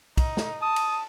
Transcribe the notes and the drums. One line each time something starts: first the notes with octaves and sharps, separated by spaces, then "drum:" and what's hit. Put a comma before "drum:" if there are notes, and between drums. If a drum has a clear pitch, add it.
D#4, drum: kick, cymbal
drum: snare
A5 D#6
drum: cymbal